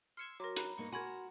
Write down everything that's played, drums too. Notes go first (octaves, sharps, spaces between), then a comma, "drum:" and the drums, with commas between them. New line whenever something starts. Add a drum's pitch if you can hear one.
C6 E6 F6 G#6 C#7 E7
F#3 A#4 A#5 C6 D6 A#6
A#5 B5 F#6, drum: hi-hat
G2 A#3 D#4 C#6
F#4 A#4 G#5 B5 C6 G#6 A#6